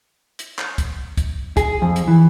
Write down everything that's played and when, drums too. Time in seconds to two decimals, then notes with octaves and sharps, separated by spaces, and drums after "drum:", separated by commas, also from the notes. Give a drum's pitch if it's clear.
0.39 drum: hi-hat
0.59 drum: clap
0.78 drum: kick, hi-hat
1.17 drum: kick, hi-hat
1.57 G#4, drum: kick, hi-hat
1.82 F2
1.96 drum: hi-hat
2.08 E3